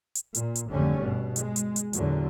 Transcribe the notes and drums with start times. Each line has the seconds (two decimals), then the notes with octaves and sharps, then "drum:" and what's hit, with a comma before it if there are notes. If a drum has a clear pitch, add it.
0.15 drum: hi-hat
0.35 A#2, drum: hi-hat
0.55 drum: hi-hat
0.69 G#1 F2 D3 G3 A3 C#4
1.00 G2 B2
1.36 G#3, drum: hi-hat
1.56 drum: hi-hat
1.76 drum: hi-hat
1.93 E2 A#2 D3 F#3, drum: hi-hat